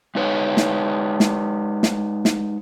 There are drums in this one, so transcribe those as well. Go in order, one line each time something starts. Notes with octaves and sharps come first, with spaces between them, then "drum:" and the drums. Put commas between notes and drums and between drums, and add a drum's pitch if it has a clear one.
G#3 D#4 B4 C#5
drum: snare
drum: snare
drum: snare
drum: snare